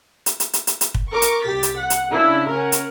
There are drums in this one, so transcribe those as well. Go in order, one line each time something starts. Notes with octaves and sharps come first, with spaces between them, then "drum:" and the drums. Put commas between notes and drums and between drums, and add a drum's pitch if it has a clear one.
drum: hi-hat
drum: hi-hat
drum: hi-hat
drum: hi-hat
drum: hi-hat
drum: kick
A#4 C#6 D6
drum: hi-hat
C2 G4 A6 B6
drum: hi-hat
F#5
drum: hi-hat
C#3 D4 E4
C#4 A#4 F#5
drum: hi-hat